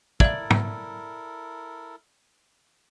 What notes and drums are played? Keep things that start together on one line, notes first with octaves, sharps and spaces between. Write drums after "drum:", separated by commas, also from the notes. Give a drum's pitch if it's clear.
E4 A4 A#4 D5 E5 F5 G#6, drum: kick
drum: tom